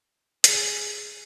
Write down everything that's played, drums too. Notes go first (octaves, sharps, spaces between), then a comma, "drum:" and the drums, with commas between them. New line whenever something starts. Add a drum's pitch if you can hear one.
G#4, drum: hi-hat